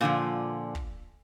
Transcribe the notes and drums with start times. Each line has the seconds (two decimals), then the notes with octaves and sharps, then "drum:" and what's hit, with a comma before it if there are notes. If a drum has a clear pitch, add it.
0.01 A#2 D3 E3 F3
0.75 drum: kick